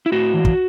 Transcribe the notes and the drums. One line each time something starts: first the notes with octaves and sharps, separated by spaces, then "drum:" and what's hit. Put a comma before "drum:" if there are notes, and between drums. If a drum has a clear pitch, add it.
E4
A2 F#4
E3
drum: kick